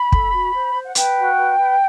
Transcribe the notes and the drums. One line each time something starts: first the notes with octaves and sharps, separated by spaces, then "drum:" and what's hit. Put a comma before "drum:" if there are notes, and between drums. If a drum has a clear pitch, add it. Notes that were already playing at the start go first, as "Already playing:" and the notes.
Already playing: B5
A4, drum: kick
F#4
C5
C5
F#5
B4 G5, drum: hi-hat
F#4
B4
B4